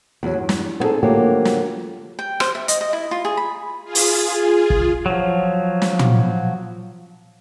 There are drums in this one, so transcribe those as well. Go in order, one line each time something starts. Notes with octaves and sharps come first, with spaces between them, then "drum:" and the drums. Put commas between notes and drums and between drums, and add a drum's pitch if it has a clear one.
E2 F#3
G2
drum: snare
B3 C4 D4 D#4 G#4 A4
D3 F3 F#3 A3 A#3 G4
drum: snare
G5
C5, drum: rim click
E5
D#5, drum: hi-hat
D#5
E4
F4
G#4
B5
F4 G#4
drum: open hi-hat
drum: kick
F3 F#3
drum: snare
drum: tom